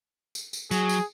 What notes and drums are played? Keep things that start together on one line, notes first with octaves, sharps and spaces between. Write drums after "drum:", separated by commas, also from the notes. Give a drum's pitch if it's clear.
drum: tambourine
drum: tambourine
F#3 G#4, drum: tambourine
drum: tambourine